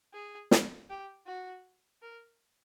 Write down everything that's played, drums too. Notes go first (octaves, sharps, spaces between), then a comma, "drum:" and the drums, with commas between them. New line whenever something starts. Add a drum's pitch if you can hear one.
G#4
drum: snare
G4
F#4
A#4